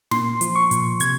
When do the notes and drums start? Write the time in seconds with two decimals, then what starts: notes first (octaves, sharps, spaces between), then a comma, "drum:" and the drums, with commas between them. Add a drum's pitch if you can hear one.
0.11 A#2 C6, drum: snare
0.41 F3, drum: hi-hat
0.56 C#6
0.71 A#2, drum: hi-hat
1.00 C3 G#6, drum: hi-hat